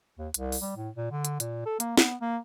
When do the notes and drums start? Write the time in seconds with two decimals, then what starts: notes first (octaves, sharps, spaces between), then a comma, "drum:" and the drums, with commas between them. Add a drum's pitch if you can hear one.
0.19 D#2
0.34 C2, drum: hi-hat
0.52 drum: open hi-hat
0.62 G3
0.76 A2
0.97 A#2
1.11 D3
1.25 drum: hi-hat
1.40 A#2, drum: hi-hat
1.66 A4
1.80 A#3, drum: hi-hat
1.97 B3, drum: snare
2.21 A#3